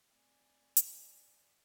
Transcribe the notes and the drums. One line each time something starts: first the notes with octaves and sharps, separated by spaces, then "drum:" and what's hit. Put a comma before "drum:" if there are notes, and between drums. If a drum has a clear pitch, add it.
A3 C4 D5 G#5
drum: hi-hat